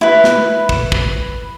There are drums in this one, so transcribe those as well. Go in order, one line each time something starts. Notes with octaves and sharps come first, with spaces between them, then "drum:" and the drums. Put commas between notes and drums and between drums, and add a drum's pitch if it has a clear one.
E4 B4
drum: snare
drum: kick
drum: kick